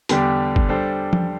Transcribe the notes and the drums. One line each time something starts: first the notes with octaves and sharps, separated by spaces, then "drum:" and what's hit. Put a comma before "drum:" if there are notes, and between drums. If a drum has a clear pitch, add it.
E2 D3 G3 D4 G4, drum: hi-hat
drum: kick G1
G3 D4 A4 C5
drum: tom F3